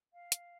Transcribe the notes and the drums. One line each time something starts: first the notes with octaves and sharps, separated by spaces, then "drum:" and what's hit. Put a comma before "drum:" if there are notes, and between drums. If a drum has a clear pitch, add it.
F5
drum: hi-hat